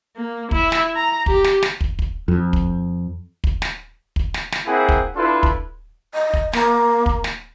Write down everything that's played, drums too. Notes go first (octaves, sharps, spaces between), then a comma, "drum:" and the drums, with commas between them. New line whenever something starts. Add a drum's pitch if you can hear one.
A#3
E4 E5, drum: kick
drum: snare
A#5
G4, drum: kick
drum: snare
drum: snare
drum: kick
drum: kick
F2
drum: kick
drum: kick
drum: snare
drum: kick
drum: snare
drum: snare
A#3 C4 E4 G#4 F#5 G#5
drum: kick
D4 E4 F4 A4 B4 C6
drum: kick
D#5
drum: kick
A#3, drum: snare
drum: kick
drum: snare